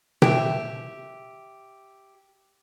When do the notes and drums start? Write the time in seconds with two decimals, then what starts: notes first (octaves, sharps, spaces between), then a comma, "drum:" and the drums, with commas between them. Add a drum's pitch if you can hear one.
0.22 G4 E5, drum: tom B2